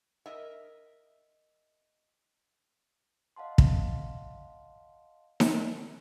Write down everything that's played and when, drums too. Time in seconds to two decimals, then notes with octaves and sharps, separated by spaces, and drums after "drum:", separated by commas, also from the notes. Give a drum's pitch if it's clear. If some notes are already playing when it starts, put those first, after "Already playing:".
0.26 A#4 D#5 E5
3.36 D#5 F5 F#5 A5 C6
3.58 drum: kick
5.40 drum: snare D#4